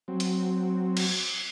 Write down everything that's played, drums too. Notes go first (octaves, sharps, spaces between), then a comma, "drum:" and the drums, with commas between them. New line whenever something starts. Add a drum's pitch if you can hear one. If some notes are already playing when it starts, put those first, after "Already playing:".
F#3 C4
drum: hi-hat
drum: cymbal